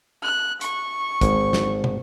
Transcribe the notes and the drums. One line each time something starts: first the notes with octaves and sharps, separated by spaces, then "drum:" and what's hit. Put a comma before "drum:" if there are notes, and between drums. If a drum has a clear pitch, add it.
F#6
C#6, drum: hi-hat
G#1, drum: kick, hi-hat
drum: snare
drum: tom